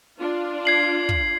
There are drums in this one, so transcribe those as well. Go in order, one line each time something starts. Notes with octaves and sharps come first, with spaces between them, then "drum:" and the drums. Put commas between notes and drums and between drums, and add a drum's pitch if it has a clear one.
D4 F4
G#6 C7 F#7
drum: kick